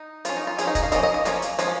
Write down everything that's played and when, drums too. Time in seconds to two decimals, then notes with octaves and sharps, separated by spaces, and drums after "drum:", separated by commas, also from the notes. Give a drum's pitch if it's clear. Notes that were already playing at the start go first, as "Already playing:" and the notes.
Already playing: D#4
0.25 F3 C#4 F4, drum: hi-hat
0.37 D#4
0.47 F4
0.58 F3 C#4 G#4, drum: hi-hat
0.67 D#4
0.75 D#5, drum: kick, hi-hat
0.83 F5
0.92 F3 A#3 C#4 D#5, drum: hi-hat
1.03 D#5
1.14 D#5
1.25 F3 A#3 C#4, drum: hi-hat
1.42 drum: hi-hat
1.59 F3 G#3 C#4, drum: hi-hat